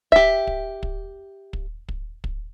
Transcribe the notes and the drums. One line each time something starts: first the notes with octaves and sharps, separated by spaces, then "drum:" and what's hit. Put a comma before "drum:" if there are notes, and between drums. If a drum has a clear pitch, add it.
G4 E5, drum: kick
drum: kick
drum: kick
drum: kick
drum: kick
drum: kick